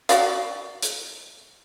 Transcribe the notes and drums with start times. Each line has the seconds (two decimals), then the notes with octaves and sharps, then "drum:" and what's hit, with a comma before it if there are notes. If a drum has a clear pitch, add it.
0.09 F#4 D5 F5, drum: hi-hat
0.82 drum: hi-hat